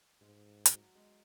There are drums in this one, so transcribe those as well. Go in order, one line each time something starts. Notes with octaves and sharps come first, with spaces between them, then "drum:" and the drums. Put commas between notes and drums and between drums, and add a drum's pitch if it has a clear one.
G#2 G#3
F#3, drum: hi-hat
F#3
G#3